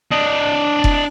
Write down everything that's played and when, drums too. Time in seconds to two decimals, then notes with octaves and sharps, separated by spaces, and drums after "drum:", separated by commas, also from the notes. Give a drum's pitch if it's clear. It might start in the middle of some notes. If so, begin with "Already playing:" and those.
0.12 D4 D#5
0.84 drum: kick F1